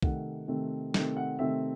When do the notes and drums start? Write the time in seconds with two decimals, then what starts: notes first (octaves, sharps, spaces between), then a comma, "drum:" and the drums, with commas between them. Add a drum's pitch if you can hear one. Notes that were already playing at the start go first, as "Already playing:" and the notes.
0.03 C3 D#3 A3 C4 F#5, drum: kick
0.48 C3 D#3 A3 C4
0.94 C3 D#3 A3 C4, drum: snare
1.17 F#5
1.39 C3 D#3 A3 C4 E5